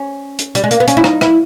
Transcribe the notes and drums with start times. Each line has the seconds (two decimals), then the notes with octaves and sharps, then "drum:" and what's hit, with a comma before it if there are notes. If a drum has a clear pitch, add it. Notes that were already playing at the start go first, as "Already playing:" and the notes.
Already playing: C#4
0.39 drum: hi-hat
0.55 G3, drum: hi-hat
0.64 G#3
0.71 A#3, drum: hi-hat
0.80 B3
0.88 C#4, drum: hi-hat
0.97 E4
1.04 D#4, drum: rim click
1.21 E4, drum: rim click